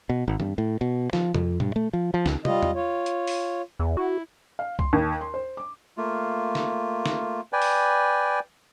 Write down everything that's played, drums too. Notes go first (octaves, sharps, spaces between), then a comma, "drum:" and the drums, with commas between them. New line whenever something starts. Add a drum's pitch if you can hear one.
B2
G#1
G2, drum: tom
A2
B2
F3, drum: snare
F2, drum: tom
G2, drum: tom
A3
F3
F3
C#2, drum: snare
G3 F4 D#5, drum: tom
drum: tom E2
F4 C#5
drum: hi-hat
drum: open hi-hat
E2
E4 F#4
F5
C6, drum: kick C2
D#2
C6
C5
D6
A3 A#3 F4
drum: snare
drum: snare
B4 D5 G5 G#5
drum: open hi-hat